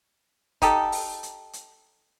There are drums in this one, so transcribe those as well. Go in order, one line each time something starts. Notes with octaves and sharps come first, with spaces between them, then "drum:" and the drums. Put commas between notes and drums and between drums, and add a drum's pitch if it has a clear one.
D#4 G4 A4, drum: kick, hi-hat
drum: open hi-hat
drum: hi-hat
drum: hi-hat